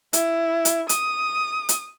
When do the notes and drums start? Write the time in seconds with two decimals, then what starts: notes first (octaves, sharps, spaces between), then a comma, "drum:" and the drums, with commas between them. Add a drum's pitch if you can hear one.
0.13 E4, drum: hi-hat
0.65 drum: hi-hat
0.89 D#6, drum: hi-hat
1.69 drum: hi-hat